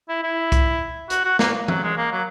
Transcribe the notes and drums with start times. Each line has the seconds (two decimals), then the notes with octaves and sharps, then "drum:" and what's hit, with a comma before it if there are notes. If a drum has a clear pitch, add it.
0.09 E4
0.23 E4
0.52 drum: kick, hi-hat
1.10 F#4, drum: hi-hat
1.25 F#4
1.39 A#3, drum: snare
1.68 F#3, drum: tom E3
1.83 G#3
1.98 A#3
2.12 F#3